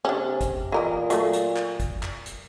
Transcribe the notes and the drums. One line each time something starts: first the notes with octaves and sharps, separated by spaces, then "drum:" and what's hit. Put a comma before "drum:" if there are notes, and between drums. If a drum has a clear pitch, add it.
C3 C#4 D4
drum: kick, hi-hat
A#2 E3 A#4 D#5
F#3 A3, drum: hi-hat
drum: hi-hat
drum: clap
drum: kick, hi-hat
drum: clap
drum: hi-hat